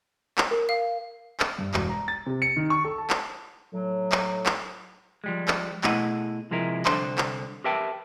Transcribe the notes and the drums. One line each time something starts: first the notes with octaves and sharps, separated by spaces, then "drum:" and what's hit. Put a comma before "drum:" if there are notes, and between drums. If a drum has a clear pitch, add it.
drum: clap
A#4
F5
drum: clap
G2
E1, drum: clap
A#5
A6
C3
C#7
D#3
C#6
A4
A5
drum: clap
A2 F#3
drum: clap
drum: clap
F3 G3 G#3
drum: clap
B2 A3 E4 G#4 D#5 F#5, drum: clap
C3 F3 G#3 E4 A#4
C2 D3 D4 A4 C5 C6, drum: clap
drum: clap
G4 A#4 B4 E5 G5 A5